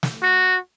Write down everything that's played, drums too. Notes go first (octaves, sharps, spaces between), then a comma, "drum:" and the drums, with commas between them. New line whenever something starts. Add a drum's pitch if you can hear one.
drum: snare
F#4